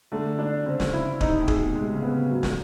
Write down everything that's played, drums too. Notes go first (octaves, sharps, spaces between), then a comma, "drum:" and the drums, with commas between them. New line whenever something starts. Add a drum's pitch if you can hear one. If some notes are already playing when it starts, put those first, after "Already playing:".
D3 A3
D4
C#3 C4
drum: snare
E4
C3 D#4, drum: kick D#1
A2
G#4, drum: kick D#1
B2
C3 G#3
C#3
B3
C#3
G#2 F#3
drum: snare